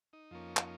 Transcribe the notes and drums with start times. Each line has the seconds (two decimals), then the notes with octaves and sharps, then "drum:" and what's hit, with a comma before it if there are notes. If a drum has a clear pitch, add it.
0.13 D#4
0.31 F2 F3 A#3 C#4
0.57 drum: clap